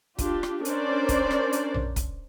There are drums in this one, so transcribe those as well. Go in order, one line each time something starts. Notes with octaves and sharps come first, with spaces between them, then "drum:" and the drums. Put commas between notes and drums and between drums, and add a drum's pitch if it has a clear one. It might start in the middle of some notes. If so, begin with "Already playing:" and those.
D4 F4 G4, drum: kick, hi-hat
drum: rim click
C#4 D4 A#4 C5 D5, drum: hi-hat
drum: kick, hi-hat
drum: rim click
drum: hi-hat
drum: tom A#1
drum: kick, hi-hat